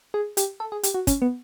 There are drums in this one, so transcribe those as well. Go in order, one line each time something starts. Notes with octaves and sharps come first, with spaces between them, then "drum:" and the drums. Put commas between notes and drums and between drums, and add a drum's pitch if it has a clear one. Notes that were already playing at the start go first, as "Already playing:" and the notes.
G#4
G4, drum: hi-hat
A4
G#4
G4, drum: hi-hat
F#4
C#4, drum: kick, hi-hat
B3